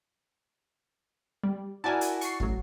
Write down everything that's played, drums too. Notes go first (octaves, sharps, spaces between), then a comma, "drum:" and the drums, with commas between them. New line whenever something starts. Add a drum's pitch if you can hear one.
G3
E4 F#4 A#4 D5 G#5 A5
drum: hi-hat
C#6 C7, drum: hi-hat
A1 F#3, drum: kick